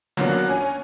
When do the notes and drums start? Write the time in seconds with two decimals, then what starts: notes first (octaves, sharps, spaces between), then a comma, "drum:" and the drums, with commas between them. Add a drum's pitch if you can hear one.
0.17 F#3 A#3 B3 C#4 D4 F#4, drum: snare
0.48 C#4 G#5